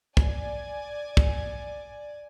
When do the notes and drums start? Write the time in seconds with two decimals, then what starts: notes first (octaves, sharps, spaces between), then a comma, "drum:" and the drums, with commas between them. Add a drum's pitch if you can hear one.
0.17 D5 G#5, drum: kick
1.17 drum: kick